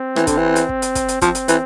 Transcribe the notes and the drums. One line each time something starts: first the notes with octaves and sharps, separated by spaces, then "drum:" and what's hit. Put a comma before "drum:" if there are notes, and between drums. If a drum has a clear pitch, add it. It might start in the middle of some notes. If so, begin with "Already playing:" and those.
Already playing: C4
E3, drum: rim click
D3, drum: kick, hi-hat
E3
drum: hi-hat
drum: kick
drum: hi-hat
drum: kick, hi-hat
drum: hi-hat
F3 C4, drum: kick, hi-hat
drum: hi-hat
E3, drum: hi-hat